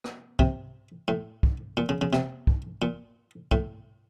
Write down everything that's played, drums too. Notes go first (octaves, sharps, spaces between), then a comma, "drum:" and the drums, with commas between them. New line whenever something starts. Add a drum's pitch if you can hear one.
drum: rim click
C3, drum: kick
A2
drum: kick
A#2
C#3
C#3
C3, drum: rim click
drum: kick
A#2
A2, drum: kick